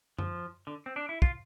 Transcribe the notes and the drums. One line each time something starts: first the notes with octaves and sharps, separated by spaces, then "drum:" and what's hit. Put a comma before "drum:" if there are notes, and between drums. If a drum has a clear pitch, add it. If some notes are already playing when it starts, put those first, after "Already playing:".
F3, drum: tom F#2
D3
C4
D4
E4
F4, drum: kick